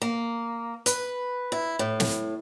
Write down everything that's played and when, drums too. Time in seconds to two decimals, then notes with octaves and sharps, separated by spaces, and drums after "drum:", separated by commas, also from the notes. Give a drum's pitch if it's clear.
0.02 A#3
0.86 B4, drum: hi-hat
1.52 E4
1.79 A2
2.00 drum: snare